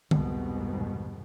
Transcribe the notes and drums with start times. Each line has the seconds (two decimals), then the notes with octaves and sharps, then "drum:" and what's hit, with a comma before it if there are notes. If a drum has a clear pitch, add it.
0.11 C2 F2 G#2 B2 D#3, drum: tom D3